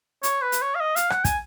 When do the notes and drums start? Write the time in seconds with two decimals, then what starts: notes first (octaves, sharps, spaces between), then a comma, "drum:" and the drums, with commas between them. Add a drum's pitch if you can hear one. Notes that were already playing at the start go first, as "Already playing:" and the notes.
0.23 C#5, drum: hi-hat
0.42 B4
0.52 drum: hi-hat
0.62 C#5
0.75 F5
0.81 D#5
0.96 F5, drum: hi-hat
1.10 F#5, drum: rim click
1.25 G#5, drum: kick, hi-hat